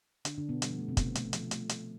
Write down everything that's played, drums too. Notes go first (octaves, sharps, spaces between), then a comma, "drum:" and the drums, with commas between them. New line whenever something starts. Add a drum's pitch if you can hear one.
D3 D4, drum: hi-hat
D3 D4
B2 B3
G3, drum: hi-hat
F3
A3
C3 C4
B2 B3, drum: kick, hi-hat
A3, drum: hi-hat
F3, drum: hi-hat
A3, drum: hi-hat
drum: hi-hat